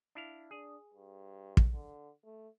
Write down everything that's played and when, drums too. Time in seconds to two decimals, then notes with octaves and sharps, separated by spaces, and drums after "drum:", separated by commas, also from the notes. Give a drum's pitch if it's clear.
0.15 D4 E4 F5
0.51 D4 G#4
0.94 G2
1.57 drum: kick
1.72 D3
2.25 A3